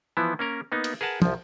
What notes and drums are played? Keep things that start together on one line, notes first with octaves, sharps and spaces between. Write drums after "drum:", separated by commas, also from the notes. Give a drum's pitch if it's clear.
E3 F3 B3 E4
A#3 C#4 A#4
A#3 B3 D#4
drum: cymbal
G#4 A#4 B4 F#5 A5
C2 F3, drum: tom